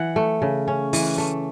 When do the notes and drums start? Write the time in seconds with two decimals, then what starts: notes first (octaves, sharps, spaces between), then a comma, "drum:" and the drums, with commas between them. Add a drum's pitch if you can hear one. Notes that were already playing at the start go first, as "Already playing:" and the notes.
Already playing: E3 F#5
0.16 A3
0.42 C#3
0.68 C#4
0.93 E3, drum: open hi-hat
1.18 A3